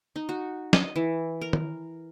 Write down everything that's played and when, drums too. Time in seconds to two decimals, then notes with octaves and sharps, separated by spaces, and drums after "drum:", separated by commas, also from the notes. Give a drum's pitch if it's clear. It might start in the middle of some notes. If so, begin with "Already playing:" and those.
0.16 D#4
0.29 F#4
0.73 D#5, drum: snare
0.96 E3
1.41 A#4
1.53 drum: tom